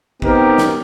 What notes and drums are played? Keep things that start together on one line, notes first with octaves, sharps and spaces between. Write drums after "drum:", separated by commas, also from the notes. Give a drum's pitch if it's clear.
B3 C4 D#4 G4 A#4, drum: kick
drum: snare